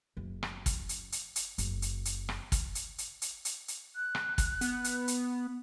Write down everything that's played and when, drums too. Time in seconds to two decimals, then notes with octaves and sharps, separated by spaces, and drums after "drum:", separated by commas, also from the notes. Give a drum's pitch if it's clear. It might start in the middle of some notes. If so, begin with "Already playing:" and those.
0.17 F#1
0.43 drum: rim click
0.66 drum: kick, hi-hat
0.89 drum: hi-hat
1.12 drum: hi-hat
1.36 drum: hi-hat
1.58 F#1, drum: hi-hat
1.82 drum: hi-hat
2.05 drum: hi-hat
2.29 drum: rim click
2.52 drum: kick, hi-hat
2.75 drum: hi-hat
2.98 drum: hi-hat
3.22 drum: hi-hat
3.45 drum: hi-hat
3.68 drum: hi-hat
3.95 F#6
4.15 drum: rim click
4.38 drum: kick, hi-hat
4.61 B3, drum: hi-hat
4.84 drum: hi-hat
5.08 drum: hi-hat